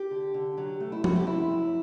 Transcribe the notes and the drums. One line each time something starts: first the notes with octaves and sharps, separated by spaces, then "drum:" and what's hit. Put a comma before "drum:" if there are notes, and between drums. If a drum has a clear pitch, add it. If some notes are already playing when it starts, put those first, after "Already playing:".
Already playing: G4
D3
D3
F#3
A3
E4
C4 F#4, drum: tom F3
G4
F#2 E4
F#3